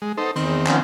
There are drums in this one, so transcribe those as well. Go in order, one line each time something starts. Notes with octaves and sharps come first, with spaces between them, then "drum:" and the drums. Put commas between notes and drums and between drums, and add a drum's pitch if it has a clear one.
G#3
B3 D#4 A4 C5
E2 D#3 C4, drum: cymbal
F3 B3 C#4, drum: clap